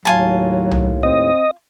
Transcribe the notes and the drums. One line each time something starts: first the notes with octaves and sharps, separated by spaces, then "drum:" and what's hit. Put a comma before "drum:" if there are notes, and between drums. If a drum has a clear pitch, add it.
D#2 A2 F#3 F4 G#5 A5
drum: tom C2
C4 D#5